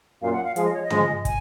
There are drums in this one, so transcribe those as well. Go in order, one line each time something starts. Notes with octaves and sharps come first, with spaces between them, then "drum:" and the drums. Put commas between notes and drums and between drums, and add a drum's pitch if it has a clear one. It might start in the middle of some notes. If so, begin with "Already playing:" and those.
F#2 A#2 F5
F#5
F5
F3 G#3 F5, drum: hi-hat
D#5
C#5
D#5
F3 G#3, drum: tom
G#5, drum: kick, hi-hat